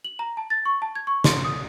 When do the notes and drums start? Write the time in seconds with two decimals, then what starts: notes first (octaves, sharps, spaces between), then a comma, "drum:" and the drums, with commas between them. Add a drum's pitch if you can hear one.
0.04 F#7
0.19 A#5
0.37 A5
0.50 A6
0.65 C#6
0.82 A5
0.96 G#6
1.07 C#6
1.24 C6, drum: snare
1.45 D#6